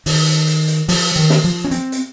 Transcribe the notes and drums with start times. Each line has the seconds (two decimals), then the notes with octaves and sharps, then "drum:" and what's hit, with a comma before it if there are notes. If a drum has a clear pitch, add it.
0.06 D#3, drum: open hi-hat
0.26 drum: hi-hat
0.47 drum: hi-hat
0.68 drum: hi-hat
0.88 F3, drum: open hi-hat
1.16 D#3
1.30 drum: snare
1.44 F3
1.64 C#4
1.71 C4, drum: hi-hat
1.92 drum: hi-hat